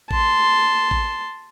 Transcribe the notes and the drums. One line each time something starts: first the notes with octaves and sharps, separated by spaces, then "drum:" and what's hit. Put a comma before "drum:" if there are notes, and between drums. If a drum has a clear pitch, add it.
A5 C6, drum: kick A1
drum: kick A1